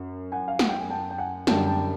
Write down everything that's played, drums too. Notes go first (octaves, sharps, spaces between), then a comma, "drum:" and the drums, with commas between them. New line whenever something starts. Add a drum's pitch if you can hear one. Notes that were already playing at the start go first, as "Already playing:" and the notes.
Already playing: F#2
F#5 G#5
F5
F#5, drum: snare
G5
G#5
G5 A5
G5
F#5 G#5
F#2 D3 G3 G5 A5, drum: snare
G5 A5